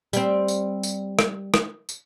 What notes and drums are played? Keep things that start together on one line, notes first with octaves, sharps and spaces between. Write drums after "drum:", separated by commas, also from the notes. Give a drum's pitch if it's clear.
G3 C4, drum: tambourine
drum: tambourine
drum: tambourine
drum: rim click
drum: rim click
drum: tambourine